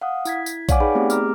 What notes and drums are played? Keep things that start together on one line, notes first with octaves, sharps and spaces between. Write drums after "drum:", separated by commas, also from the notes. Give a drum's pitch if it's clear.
F5 F#5 D#6
E4 G#6 B6, drum: tambourine
drum: tambourine
C#5 D5 F5 F#5 G#5 D6, drum: kick A#1, tambourine
D#4 G#4 B4 D5 G5 B5
A3 B3 C4 G4 G#4
A#5 D6 F6, drum: tambourine